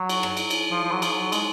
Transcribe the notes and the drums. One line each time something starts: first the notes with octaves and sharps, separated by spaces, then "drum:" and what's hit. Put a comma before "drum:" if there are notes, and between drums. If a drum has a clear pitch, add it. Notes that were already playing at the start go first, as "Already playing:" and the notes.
Already playing: F#3
drum: cymbal
drum: rim click
drum: cymbal
drum: cymbal
F3
F3
F#3
F3, drum: cymbal
F#3
G#3, drum: cymbal